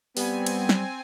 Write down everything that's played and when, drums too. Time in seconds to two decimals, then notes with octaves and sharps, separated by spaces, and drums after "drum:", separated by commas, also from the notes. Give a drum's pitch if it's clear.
0.17 G3 B3 C4 G#5, drum: open hi-hat
0.46 drum: cymbal
0.69 drum: snare